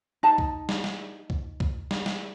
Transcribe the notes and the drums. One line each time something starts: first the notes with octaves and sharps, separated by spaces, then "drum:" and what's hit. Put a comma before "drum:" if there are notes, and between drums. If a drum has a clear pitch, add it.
D#4 A5
drum: kick C2
drum: snare
drum: snare
drum: kick C2
drum: kick C2
drum: snare
drum: snare